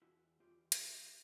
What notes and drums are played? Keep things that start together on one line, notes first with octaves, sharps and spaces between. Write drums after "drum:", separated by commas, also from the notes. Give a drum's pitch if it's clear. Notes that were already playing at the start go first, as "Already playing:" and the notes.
E2 E4 F#4
E2 F4 G4
drum: hi-hat